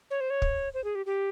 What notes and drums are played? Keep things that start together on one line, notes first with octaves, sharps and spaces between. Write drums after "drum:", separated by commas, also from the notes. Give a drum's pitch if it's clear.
C#5
C5
C#5
drum: kick
C5
G#4
G4
G4